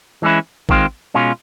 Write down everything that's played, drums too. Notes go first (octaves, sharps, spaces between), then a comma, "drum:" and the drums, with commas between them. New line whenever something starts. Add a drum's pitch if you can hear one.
E3 G#3 C#4 E4
D#3 G#3 C4 F4, drum: kick A1
B2 G#3 C#4 F4